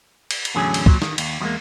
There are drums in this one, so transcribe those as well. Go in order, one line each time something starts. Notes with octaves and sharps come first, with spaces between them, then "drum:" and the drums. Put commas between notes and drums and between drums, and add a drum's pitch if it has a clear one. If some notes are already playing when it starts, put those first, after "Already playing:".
drum: cymbal
drum: cymbal
E2 A2 D3 F#3 C#4 G#4
drum: cymbal
A#2 F#3, drum: kick
D#3, drum: snare
D#2, drum: cymbal
E2 F3 G3 G#3 A#3